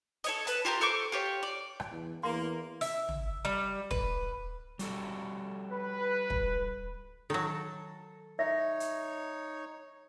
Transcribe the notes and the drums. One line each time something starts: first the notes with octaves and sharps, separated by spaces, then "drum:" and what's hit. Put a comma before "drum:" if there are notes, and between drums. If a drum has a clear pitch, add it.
A4 C#5 D#5, drum: hi-hat
B4 A5, drum: hi-hat
F4 G4 G#4 A#4
A4 C5 C#6 D6
F4 G4 C#5
D5
drum: rim click
E2
E2 A#3 C6
E5, drum: open hi-hat
drum: tom
G3
B4, drum: kick
G3 F#4 A4, drum: hi-hat
B4
drum: kick
D#3 F#3 A4
D#4 C#5 E5
drum: hi-hat